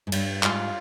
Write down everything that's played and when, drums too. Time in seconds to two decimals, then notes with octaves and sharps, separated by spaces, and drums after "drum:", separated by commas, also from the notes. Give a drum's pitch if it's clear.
0.07 G#2
0.12 G2 G3, drum: cymbal
0.43 G#2 F4, drum: clap